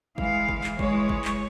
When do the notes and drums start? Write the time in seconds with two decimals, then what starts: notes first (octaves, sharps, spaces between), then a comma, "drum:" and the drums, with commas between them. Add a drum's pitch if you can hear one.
0.18 E3 G#3 F5, drum: kick
0.49 drum: kick
0.64 drum: clap
0.79 E3 G#3 C#5, drum: kick
1.09 drum: kick
1.25 drum: clap